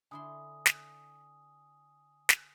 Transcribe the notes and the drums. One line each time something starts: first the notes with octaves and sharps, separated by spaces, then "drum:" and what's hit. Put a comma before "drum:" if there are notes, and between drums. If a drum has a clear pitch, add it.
D3 E4 G#5 C6 D#6
drum: snare
drum: snare